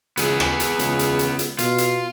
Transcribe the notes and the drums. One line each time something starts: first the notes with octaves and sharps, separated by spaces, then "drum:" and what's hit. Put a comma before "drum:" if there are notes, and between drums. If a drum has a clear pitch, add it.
C#2 B3 G#4, drum: hi-hat
drum: rim click
drum: hi-hat
C#2, drum: hi-hat
drum: hi-hat
drum: hi-hat
drum: hi-hat
B2 F4, drum: hi-hat
drum: hi-hat